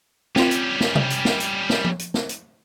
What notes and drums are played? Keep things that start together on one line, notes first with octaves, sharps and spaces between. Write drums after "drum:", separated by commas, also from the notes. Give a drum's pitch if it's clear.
G3 C4 C#4 F4, drum: snare
drum: hi-hat
drum: snare
drum: tom
drum: hi-hat
drum: snare
drum: hi-hat
drum: snare
drum: tom F3
drum: hi-hat
drum: snare
drum: hi-hat